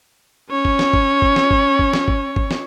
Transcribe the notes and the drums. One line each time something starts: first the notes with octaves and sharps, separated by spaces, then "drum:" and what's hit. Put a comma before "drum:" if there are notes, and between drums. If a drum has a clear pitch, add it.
C#4 C#5
drum: kick
drum: snare
drum: kick
drum: kick
drum: snare
drum: kick
drum: kick
drum: snare
drum: kick
drum: kick
drum: snare